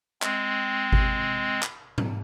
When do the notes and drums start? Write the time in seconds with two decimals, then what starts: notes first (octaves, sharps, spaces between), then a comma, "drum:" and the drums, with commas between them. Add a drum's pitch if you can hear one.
0.22 G#3 C4, drum: clap
0.92 drum: kick G#1
1.63 drum: clap
1.98 drum: tom G#2